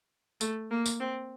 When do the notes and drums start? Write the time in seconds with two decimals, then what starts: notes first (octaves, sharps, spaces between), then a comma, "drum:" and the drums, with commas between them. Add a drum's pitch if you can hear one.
0.41 A3, drum: tambourine
0.71 A#3
0.86 drum: tambourine
1.00 C4